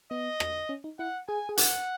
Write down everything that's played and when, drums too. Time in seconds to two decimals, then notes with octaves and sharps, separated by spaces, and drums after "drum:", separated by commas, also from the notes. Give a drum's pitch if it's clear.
0.11 B3 D#5
0.40 drum: rim click
0.69 C#4
0.84 D#4
0.99 E4 F#5
1.28 G#4 G#5
1.49 G#4
1.57 F#5, drum: hi-hat